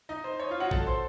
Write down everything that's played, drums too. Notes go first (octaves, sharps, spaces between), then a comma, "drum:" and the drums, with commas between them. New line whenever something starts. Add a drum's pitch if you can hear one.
D#4 D#5
C5
C#5
F4 F5
F#4 F#5
A4 A5, drum: kick
C5 C6